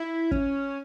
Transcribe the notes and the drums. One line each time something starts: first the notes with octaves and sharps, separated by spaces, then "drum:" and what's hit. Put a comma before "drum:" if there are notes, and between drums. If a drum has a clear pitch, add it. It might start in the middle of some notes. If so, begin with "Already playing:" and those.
Already playing: E4
C#4, drum: kick